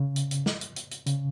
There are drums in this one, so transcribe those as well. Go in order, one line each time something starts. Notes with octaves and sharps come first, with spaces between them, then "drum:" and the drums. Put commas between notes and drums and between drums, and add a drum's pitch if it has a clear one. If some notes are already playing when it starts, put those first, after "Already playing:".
Already playing: C#3
drum: hi-hat
drum: hi-hat
drum: snare
drum: hi-hat
drum: hi-hat
drum: hi-hat
C#3, drum: hi-hat